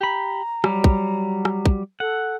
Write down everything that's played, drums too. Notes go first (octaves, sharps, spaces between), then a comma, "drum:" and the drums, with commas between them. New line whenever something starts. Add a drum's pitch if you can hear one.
G4 A#5 B5
F#3 G3, drum: rim click
drum: kick
drum: rim click
drum: kick
A4 F#5